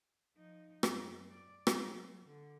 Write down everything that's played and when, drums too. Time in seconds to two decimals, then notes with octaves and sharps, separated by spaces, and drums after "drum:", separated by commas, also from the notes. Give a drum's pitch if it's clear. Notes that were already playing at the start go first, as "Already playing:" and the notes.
0.35 F3 D#4
0.83 F#2, drum: rim click
1.31 D5
1.67 F#3, drum: rim click
2.26 D3